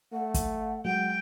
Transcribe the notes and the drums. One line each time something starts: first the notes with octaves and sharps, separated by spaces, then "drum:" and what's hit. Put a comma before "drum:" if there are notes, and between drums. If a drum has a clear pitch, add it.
A3 F#5
drum: kick, hi-hat
F#3 G#3 F#5 G5